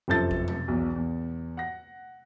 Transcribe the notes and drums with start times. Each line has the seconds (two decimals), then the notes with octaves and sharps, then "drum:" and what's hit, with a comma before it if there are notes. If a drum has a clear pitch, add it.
0.08 F1 F#2 F3 A4 G6 A6
0.31 drum: kick G#1
0.48 drum: tom
0.68 B1 E2
0.96 E2
1.57 F#5 A#6